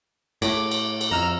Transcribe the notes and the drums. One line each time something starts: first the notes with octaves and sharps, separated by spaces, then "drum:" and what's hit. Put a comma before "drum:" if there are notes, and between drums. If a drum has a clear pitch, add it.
A2 D6, drum: cymbal
drum: cymbal
drum: cymbal
F2 A#5 E6 F6